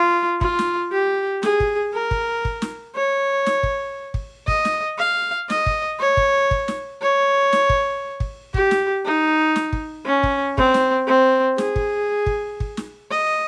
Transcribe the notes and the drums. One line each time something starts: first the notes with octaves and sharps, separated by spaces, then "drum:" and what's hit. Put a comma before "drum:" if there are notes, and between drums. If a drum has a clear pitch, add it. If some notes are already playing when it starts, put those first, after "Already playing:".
Already playing: F4
F4, drum: kick
drum: snare
G4
G#4, drum: snare
drum: kick
A#4
drum: kick
drum: kick
drum: snare
C#5
drum: snare
drum: kick
drum: kick
D#5, drum: kick
drum: snare
F5
D#5, drum: snare
drum: kick
C#5
drum: kick
drum: kick
drum: snare
C#5
drum: snare
drum: kick
drum: kick
G4, drum: kick
drum: snare
D#4
drum: snare
drum: kick
C#4
drum: kick
C4, drum: kick
drum: snare
C4
G#4, drum: snare
drum: kick
drum: kick
drum: kick
drum: snare
D#5